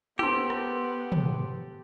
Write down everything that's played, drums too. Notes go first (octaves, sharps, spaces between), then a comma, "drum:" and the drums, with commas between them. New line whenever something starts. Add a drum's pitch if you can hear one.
B3 G4 A4 C5, drum: tom
drum: rim click
drum: tom